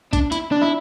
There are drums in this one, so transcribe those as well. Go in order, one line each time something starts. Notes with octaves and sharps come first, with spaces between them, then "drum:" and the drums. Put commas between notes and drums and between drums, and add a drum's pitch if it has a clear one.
D4, drum: kick B1, hi-hat
E4, drum: hi-hat
D4
E4